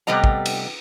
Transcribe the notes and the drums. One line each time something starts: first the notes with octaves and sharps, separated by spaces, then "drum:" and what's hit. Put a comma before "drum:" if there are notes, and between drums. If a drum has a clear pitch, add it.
C3 G3 A3 B3 D#5 A#5
drum: kick
drum: cymbal